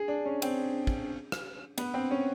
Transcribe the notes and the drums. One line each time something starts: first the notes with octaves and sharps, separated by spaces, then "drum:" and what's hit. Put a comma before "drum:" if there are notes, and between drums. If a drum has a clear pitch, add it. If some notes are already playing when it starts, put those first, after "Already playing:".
Already playing: G#4
D4
C#4
C4, drum: cymbal
drum: kick
drum: rim click
B3, drum: cymbal
C4
C#4